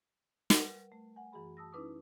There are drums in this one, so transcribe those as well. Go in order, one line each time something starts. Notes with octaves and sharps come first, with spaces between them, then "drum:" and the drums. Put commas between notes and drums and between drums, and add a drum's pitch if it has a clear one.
G3 A#4 B4 F#5, drum: snare
A3
F#5 G#5
F#2 E3 F#4 G#4 B5
A5 D#6 E6 A#6
C#4 D#4 E4 B4 D6 D#6